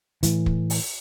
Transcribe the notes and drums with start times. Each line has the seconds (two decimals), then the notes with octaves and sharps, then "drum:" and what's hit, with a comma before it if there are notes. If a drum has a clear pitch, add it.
0.23 A2 E3, drum: hi-hat
0.46 drum: kick
0.70 drum: open hi-hat